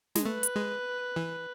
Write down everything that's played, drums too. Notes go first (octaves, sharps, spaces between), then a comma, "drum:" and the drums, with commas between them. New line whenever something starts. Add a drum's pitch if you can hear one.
G#3, drum: snare
A3 B4
drum: hi-hat
G#3
E3